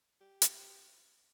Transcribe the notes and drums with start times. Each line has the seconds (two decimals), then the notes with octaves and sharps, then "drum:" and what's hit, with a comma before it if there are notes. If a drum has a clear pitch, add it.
0.21 G4
0.42 drum: hi-hat